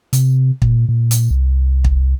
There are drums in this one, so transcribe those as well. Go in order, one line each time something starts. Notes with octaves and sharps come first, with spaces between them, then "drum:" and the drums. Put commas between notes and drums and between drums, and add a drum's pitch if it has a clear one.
C3, drum: hi-hat
A#2, drum: kick
A#2
drum: hi-hat
C2
drum: kick